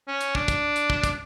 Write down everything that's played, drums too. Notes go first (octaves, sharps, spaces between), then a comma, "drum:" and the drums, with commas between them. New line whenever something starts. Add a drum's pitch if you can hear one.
C#4
drum: hi-hat
D4, drum: kick
drum: kick, hi-hat
drum: hi-hat
drum: kick
drum: kick, hi-hat